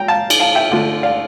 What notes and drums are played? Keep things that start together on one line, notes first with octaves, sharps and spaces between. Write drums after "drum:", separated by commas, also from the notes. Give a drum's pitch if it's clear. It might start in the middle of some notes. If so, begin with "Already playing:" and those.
Already playing: G5 A#5
F5 A5
drum: cymbal
F5 A5
E5 G5
D3 A3 D4 F4
D5 F5